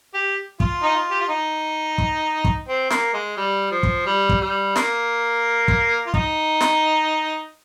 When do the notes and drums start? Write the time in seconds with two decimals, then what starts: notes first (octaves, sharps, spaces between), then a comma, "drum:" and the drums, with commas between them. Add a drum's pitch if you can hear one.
0.14 G4
0.60 F4, drum: kick
0.83 D#4
0.94 F4
1.11 G4
1.20 F4
1.29 D#4
1.98 drum: kick
2.44 drum: kick
2.68 C4
2.90 A#3, drum: snare
3.14 G#3
3.37 G3
3.71 F3
3.83 drum: kick
4.06 G3
4.29 drum: kick
4.41 G3
4.76 A#3, drum: snare
5.68 drum: kick
6.06 F4
6.14 D#4, drum: kick
6.60 drum: snare